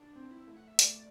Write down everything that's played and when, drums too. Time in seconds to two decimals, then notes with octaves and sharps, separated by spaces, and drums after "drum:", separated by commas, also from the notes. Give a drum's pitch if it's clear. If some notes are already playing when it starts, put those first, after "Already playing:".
Already playing: D4
0.16 C4
0.31 E4
0.47 A3
0.57 F#5
0.68 E5
0.79 A3 D5, drum: hi-hat